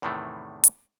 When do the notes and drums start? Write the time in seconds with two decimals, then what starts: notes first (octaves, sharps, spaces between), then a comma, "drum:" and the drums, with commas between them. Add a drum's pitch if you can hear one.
0.02 E2 A2 C3 D#3 E3 A3
0.64 drum: hi-hat